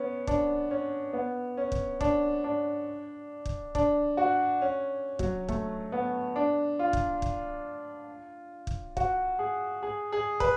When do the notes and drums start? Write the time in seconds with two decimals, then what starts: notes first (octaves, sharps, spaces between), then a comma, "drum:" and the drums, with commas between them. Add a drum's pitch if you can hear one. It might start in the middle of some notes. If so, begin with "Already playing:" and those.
Already playing: B3 C#4
0.27 D4, drum: kick
0.71 C#4
1.13 B3
1.57 C#4
1.72 drum: kick
2.01 D4, drum: kick
2.44 D4
3.46 drum: kick
3.75 D4, drum: kick
4.17 F#4
4.62 C#4
5.19 F#3, drum: kick
5.49 A3, drum: kick
5.92 B3
6.36 D4
6.79 F4
6.93 drum: kick
7.22 drum: kick
8.67 drum: kick
8.97 F#4, drum: kick
9.39 G#4
9.83 G#4
10.12 G#4
10.40 B4, drum: kick